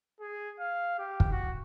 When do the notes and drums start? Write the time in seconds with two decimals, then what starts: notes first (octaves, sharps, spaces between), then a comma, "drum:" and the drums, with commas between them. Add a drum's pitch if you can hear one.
0.20 G#4
0.60 F5
0.98 G4
1.20 drum: kick
1.32 F#4